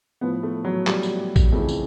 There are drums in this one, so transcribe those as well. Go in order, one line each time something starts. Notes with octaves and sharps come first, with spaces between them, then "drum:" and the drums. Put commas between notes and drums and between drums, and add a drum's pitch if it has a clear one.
A2 F3 B3
A3
F#3
G3, drum: clap
drum: tambourine
drum: kick, tambourine
F2 C#3 E3 A3
drum: tambourine